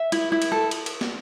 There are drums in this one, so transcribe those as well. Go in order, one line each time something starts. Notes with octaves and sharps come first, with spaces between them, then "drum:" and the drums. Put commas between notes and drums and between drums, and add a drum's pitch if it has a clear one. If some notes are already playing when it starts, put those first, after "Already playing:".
Already playing: E5
E4, drum: cymbal
E4
drum: cymbal
A4
drum: cymbal
drum: cymbal
drum: snare